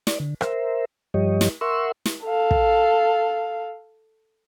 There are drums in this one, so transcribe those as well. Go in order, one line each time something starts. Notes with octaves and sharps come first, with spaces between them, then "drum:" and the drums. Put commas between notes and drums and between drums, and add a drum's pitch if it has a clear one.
D5, drum: snare
D3
A#4 C5 E5, drum: rim click
G2 F3 G3 G4 C#5 D#5
drum: snare
A#4 E5 F#5 C6 C#6 E6
drum: snare
A4 F5
drum: kick